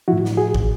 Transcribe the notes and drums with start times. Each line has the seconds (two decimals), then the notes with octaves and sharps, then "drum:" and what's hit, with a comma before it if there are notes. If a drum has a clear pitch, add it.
0.08 A2 F3 E4 F#4
0.25 drum: snare
0.37 F#4 G#4
0.54 drum: kick